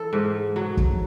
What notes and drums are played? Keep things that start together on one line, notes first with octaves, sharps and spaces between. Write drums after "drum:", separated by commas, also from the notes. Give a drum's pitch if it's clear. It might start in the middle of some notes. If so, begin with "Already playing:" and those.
Already playing: E3 A4
G#2
F#3
drum: kick